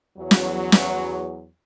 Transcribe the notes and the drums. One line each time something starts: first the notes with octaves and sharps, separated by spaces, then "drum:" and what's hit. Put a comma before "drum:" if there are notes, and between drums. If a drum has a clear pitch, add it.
E2 F#3
drum: snare
drum: snare